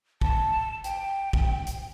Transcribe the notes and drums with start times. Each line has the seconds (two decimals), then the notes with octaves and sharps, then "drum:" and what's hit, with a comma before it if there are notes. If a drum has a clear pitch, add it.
0.21 A5, drum: kick
0.84 G5, drum: hi-hat
1.33 drum: kick
1.67 drum: hi-hat